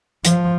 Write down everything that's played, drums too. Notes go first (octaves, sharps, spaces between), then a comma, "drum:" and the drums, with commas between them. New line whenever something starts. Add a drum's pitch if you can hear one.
F3, drum: hi-hat